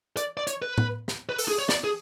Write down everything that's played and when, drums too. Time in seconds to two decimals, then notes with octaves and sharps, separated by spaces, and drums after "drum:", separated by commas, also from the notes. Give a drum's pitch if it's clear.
0.17 D5, drum: hi-hat
0.37 D5
0.47 C#5, drum: hi-hat
0.62 B4
0.78 drum: tom A2
1.08 drum: snare
1.29 B4
1.38 A4, drum: open hi-hat
1.49 G#4
1.59 C#5
1.69 D5, drum: snare
1.84 G#4